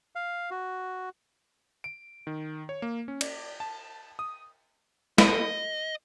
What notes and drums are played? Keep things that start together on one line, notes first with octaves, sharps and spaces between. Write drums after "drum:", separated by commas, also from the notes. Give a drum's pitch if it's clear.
F5
F#4
D7
D#3
C#5
A#3
C#4
D5, drum: cymbal
A5
D#6
D#5, drum: snare